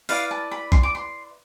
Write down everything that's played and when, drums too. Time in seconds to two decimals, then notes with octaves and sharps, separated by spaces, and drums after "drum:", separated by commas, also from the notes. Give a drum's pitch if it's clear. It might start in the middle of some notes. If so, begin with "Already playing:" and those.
0.09 E4 B4 D5 F5, drum: open hi-hat
0.31 A5
0.51 B5
0.72 C6, drum: kick
0.83 D6
0.95 C6